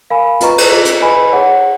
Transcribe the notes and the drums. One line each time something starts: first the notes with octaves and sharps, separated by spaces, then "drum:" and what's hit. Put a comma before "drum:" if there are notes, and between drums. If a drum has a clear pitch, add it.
A#4 F5 G#5 B5
F4 B4 D#5 A#5 C#6, drum: hi-hat
drum: cymbal
F4 G#4 D#5
drum: hi-hat
G#4 B4 D#5 G#5 B5
G#4 C#5 F#5